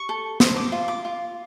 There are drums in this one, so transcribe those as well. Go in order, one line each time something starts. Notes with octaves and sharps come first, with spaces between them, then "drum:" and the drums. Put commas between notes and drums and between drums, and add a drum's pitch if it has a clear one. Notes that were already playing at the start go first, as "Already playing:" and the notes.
Already playing: C#6
A4
C5 D#6, drum: snare
D6
F4
D6
F4